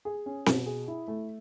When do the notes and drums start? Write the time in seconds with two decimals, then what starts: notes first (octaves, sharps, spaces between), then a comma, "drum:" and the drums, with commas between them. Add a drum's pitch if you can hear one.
0.05 G#4
0.26 C#4
0.46 B2, drum: snare C4
0.66 G#4
0.88 E4
1.08 A3